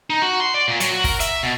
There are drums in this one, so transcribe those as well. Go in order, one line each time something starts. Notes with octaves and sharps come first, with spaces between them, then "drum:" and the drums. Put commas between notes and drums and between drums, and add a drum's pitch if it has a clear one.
D#4
F#4
C6
D5
A#2
F#3, drum: hi-hat
F#4
A#4, drum: kick, open hi-hat
E5, drum: hi-hat
B2